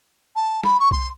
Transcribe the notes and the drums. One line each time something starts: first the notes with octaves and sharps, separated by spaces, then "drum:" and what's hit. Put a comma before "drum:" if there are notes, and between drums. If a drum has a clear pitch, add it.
A5
B5, drum: snare
C#6
C6, drum: kick C2